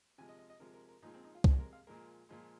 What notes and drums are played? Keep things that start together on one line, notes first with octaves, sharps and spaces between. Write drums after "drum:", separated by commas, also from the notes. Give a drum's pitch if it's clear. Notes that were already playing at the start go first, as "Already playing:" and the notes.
C3 F3 G#3 G#5
D#5
D#5
D#5
C3 F3 G#3 A#4
A#4
A#4
A#2 F3 G#3 D#4
C4
D#4
F4
C3 G#3 G#4, drum: kick C2
A#4
F5
A#2 F3 G#3 A#4
A#2 F3 G#3